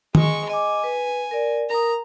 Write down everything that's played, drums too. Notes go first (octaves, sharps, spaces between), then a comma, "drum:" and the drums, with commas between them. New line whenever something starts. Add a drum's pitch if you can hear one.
G#3 C#6, drum: tom D#3
D#5 G#5 D6
B4
A#4 D5
A#4 A#5 D#6